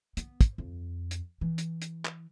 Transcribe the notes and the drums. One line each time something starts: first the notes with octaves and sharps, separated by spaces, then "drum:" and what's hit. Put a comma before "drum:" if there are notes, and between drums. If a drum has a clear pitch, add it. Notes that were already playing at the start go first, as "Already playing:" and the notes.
B3, drum: hi-hat
drum: kick, hi-hat
F2
drum: hi-hat
E3
drum: hi-hat
drum: hi-hat
drum: clap